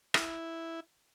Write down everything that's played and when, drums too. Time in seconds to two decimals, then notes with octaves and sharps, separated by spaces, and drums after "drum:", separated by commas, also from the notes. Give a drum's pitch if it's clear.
0.14 E4, drum: rim click